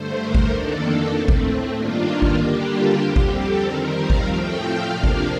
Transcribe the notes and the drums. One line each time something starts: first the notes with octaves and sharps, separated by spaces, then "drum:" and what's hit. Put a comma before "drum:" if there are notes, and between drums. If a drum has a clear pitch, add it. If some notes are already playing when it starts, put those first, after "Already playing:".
Already playing: G2 D3 A3 C5
A#4
drum: kick G#1
F2 D#3 A#3 D4 A4
A4
A2 A3 C4
drum: kick G#1
G2 D#3 A#3 D4 F4
drum: kick G#1
D3 G3 A#3 D4 G4
F4
F2 D3 G3 C4 G4
drum: kick G#1
A4
F2 D#3 G3 C4 A#4
F5
drum: kick G#1
A2 F3 A3 C4 G5
F5
C3 F3 A#3 D4 F5
drum: kick G#1